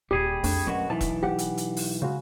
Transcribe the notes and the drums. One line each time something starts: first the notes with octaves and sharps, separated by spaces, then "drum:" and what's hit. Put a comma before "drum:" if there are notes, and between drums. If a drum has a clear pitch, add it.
D#1 G3 G4 G#4
F2 A3 D4, drum: open hi-hat
F#2 B2 G#3 C#4 F#4
B1 E3 A5
drum: kick E1, hi-hat
E4 G4 F#5
drum: hi-hat
drum: hi-hat
drum: open hi-hat
C#3 G#3 F#4